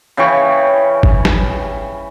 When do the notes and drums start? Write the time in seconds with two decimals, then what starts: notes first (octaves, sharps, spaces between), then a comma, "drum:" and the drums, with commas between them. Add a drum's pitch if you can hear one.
0.17 C#3 E3 G5 C#6
1.03 drum: kick
1.25 drum: snare